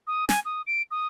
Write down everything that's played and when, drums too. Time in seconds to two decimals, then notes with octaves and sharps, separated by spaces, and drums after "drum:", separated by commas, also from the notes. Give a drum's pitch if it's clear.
0.07 D#6
0.29 G#5, drum: snare
0.45 D#6
0.67 D7
0.91 D#6